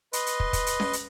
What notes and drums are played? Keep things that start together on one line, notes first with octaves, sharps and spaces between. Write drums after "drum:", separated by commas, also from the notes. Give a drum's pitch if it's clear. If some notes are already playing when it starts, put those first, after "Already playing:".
B4 D#5 C6, drum: hi-hat
drum: hi-hat
drum: kick
drum: kick, hi-hat
drum: hi-hat
drum: snare C#4
drum: hi-hat